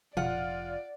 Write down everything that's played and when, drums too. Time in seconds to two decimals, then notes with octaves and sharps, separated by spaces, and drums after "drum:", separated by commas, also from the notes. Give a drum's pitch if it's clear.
0.17 F1 C#2 F3 F4 D5 F#5, drum: tom A#2